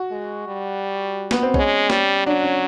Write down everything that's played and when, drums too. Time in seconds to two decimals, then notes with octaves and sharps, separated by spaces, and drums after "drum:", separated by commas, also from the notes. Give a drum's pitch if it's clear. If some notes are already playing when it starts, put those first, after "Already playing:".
Already playing: F#4
0.11 G#3
0.47 G3
1.31 B3, drum: snare
1.43 C4
1.54 G#3 C#4, drum: kick
1.90 G3, drum: snare
2.26 F#3 D4
2.44 C#4